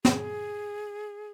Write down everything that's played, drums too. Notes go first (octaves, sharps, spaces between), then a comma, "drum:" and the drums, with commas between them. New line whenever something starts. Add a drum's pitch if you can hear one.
G#4, drum: snare